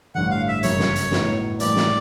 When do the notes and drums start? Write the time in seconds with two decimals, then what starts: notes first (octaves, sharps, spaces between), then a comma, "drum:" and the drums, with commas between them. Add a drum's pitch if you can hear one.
0.15 A1 G2 D3 F#5
0.31 F5
0.48 E5
0.63 G1 F#2 C#3 F#3 A#3 C#5, drum: hi-hat
0.80 drum: snare
0.96 drum: hi-hat
1.11 A2 F#3 B3 D#4 F#4, drum: snare
1.60 A2 E3 G3 A#3 D5, drum: hi-hat
1.76 drum: snare